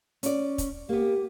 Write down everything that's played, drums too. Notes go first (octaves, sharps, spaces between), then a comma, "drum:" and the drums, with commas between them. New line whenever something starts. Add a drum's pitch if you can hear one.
C#4 D5, drum: hi-hat
drum: kick, hi-hat
A#3 B3 G4